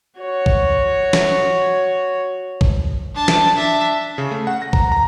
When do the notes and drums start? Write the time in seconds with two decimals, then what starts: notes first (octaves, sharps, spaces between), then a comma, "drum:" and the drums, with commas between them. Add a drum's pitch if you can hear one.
0.21 F#4 C#5
0.46 drum: kick
1.13 drum: snare
2.61 drum: kick
3.15 D4 A5
3.28 drum: snare
3.56 D4 E5
4.18 C#3
4.31 A3
4.47 F#5
4.62 A#6
4.73 A#5, drum: kick
4.92 A#5